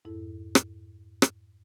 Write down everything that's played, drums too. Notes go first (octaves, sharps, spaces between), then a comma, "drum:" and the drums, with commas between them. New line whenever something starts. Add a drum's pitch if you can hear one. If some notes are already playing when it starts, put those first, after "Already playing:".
F2 G#2 E4 A4
drum: rim click
drum: rim click